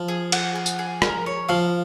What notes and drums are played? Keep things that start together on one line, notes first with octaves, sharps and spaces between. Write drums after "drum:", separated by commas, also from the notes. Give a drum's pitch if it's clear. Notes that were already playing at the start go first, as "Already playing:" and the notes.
Already playing: F3
G#4
F#5, drum: cymbal
G#4
drum: tambourine
G#4
A#4, drum: rim click
C#5
F3 F5